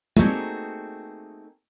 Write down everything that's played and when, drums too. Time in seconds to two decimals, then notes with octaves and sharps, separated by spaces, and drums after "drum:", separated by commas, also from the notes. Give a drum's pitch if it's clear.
0.17 A3 A#3 C4 D#4 F#4 G#4, drum: tom